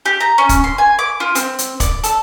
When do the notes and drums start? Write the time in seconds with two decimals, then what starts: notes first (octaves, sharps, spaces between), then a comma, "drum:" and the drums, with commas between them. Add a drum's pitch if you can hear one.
0.06 G4
0.20 A#5
0.38 C#4
0.49 drum: kick, hi-hat
0.64 C6
0.78 G#5
0.99 D6
1.20 F4
1.35 C4, drum: hi-hat
1.58 drum: hi-hat
1.80 D5, drum: kick, hi-hat
2.04 A4, drum: hi-hat